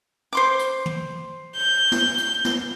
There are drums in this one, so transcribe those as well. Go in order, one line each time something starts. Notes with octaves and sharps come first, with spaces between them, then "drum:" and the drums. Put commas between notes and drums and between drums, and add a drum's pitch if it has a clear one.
C5 C6 D6
drum: hi-hat
drum: tom
G6
drum: snare
drum: hi-hat
drum: snare